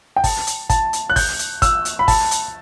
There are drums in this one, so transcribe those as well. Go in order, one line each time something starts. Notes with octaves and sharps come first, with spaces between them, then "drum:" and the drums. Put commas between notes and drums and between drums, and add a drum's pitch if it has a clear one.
G5
A5, drum: kick, open hi-hat
drum: hi-hat
A5, drum: kick, hi-hat
drum: hi-hat
F#6
G6, drum: kick, open hi-hat
drum: hi-hat
E6, drum: kick, hi-hat
drum: hi-hat
B5
A5, drum: kick, open hi-hat
drum: hi-hat